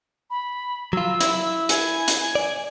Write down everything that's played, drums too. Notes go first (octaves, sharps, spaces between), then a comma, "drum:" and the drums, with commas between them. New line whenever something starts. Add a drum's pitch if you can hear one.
B5
F#3 F4 E6
E4, drum: hi-hat
G#5, drum: hi-hat
drum: hi-hat
D5